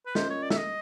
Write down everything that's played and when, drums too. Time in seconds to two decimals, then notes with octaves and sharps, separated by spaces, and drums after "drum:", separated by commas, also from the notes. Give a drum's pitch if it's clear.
0.06 B4
0.15 C#4 F4 A#4 C5 D#5, drum: snare
0.30 C#5
0.43 D5
0.50 E5, drum: snare
0.57 D#5